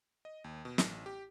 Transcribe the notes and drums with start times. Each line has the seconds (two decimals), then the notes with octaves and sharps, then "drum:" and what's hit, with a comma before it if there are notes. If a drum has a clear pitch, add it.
0.25 D#5
0.44 D#2
0.65 B2
0.78 A1, drum: snare
1.06 G4